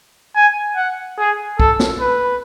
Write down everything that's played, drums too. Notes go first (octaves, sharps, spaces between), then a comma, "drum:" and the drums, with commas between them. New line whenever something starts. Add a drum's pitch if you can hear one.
G#5
F#5
G#4
A4, drum: kick
drum: snare
B4